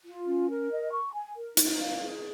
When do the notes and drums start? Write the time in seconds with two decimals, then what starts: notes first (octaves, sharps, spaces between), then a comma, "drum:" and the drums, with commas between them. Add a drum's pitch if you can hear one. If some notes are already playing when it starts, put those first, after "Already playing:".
0.05 F4
0.26 C#4
0.49 A#4
0.70 D#5
0.92 C#6
1.13 G#5
1.35 A#4
1.57 D#4, drum: hi-hat
1.79 F5
2.01 G#4